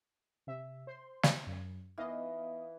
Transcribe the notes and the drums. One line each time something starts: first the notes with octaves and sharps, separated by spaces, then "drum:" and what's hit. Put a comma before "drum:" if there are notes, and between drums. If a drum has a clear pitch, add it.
C3 E5
C5 C6
drum: snare
F#2
E3 B3 D#5 F5